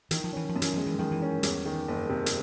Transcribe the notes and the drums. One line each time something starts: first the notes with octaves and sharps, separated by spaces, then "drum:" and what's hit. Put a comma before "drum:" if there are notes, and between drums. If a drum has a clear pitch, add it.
D#3 E3, drum: hi-hat
F3
E3 C#4
F3
F#2
E3, drum: hi-hat
F3 G#3
E3
D#3 F3
E3
C#4
E2 G3, drum: hi-hat
D#3
F#1
C3
drum: hi-hat